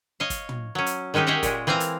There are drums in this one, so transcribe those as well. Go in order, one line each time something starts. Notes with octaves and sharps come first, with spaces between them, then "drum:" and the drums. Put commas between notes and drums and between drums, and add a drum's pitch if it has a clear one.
C#5 D#5 F5
drum: kick, hi-hat
drum: tom
F#3 C#4
drum: hi-hat
D#3 G#3 C#4 D#4 G4
G4 G#4 C#5 D#5 E5 F#5
A#2 G#3, drum: kick, hi-hat
E3 C4 F5 G#5 A#5
drum: hi-hat